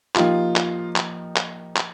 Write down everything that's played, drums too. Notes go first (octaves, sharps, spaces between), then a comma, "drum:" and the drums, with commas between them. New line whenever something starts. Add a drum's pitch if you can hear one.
F3 A#3 D#4 F4 G4, drum: clap
drum: clap
drum: clap
drum: clap
drum: clap